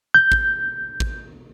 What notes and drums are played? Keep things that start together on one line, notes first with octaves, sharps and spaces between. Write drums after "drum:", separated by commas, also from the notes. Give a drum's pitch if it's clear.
G6
drum: kick
drum: kick